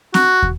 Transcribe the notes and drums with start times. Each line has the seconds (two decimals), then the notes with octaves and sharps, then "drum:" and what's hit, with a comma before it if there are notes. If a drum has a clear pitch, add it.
0.14 F#4, drum: snare C4
0.43 drum: kick